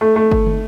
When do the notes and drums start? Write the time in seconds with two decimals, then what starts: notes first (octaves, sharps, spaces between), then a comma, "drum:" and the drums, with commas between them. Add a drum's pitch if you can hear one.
0.01 A3
0.16 A3
0.32 drum: kick G1
0.46 drum: tom